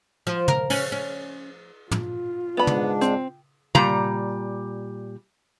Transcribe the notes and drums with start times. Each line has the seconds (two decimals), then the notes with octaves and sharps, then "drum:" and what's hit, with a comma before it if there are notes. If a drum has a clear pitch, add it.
0.27 F3
0.48 A#4, drum: tom
0.70 C#4, drum: cymbal
0.92 C#4
1.91 F4, drum: tom
2.57 G#2 B3 D4 B5
2.67 drum: tom
3.01 C4, drum: hi-hat
3.75 A#2 G3 A#5, drum: tom